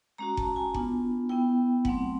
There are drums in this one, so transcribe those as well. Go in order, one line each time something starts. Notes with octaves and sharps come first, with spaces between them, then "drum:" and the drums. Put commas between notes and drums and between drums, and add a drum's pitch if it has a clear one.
G#3 C#4 F#4 A#5
A5, drum: kick F#1
G#5
B3 D4 F4, drum: kick F#1
B3 E4 G5
F#3 A3 C4 F#5, drum: kick F#1